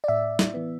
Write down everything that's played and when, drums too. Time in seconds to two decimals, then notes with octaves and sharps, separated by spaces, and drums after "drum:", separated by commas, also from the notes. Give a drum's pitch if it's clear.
0.04 D5
0.08 A2 E5
0.39 drum: snare
0.54 E3 B3